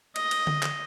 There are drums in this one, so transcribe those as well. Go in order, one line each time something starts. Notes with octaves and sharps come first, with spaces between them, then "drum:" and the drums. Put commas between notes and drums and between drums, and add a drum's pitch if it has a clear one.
D#5, drum: cymbal
drum: cymbal
drum: tom D3
drum: clap